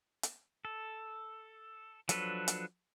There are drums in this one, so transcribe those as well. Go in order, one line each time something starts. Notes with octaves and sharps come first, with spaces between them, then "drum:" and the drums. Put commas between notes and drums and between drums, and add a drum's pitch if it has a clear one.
drum: hi-hat
A4
F3 F#3 D4 A4 B4, drum: hi-hat
drum: hi-hat